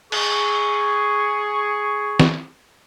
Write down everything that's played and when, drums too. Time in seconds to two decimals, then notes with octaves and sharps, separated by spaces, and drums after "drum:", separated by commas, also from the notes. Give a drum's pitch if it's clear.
0.12 G#4 C#6, drum: cymbal
2.20 drum: snare